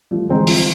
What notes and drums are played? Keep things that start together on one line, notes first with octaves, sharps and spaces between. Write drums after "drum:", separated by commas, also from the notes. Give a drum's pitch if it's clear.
F3 G3 A3
D3 E3 G#3 C4 D#4
F3, drum: open hi-hat